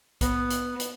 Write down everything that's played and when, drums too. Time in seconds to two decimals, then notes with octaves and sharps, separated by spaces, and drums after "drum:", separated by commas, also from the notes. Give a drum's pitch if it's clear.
0.21 B3, drum: kick B1, hi-hat
0.50 drum: hi-hat
0.80 drum: hi-hat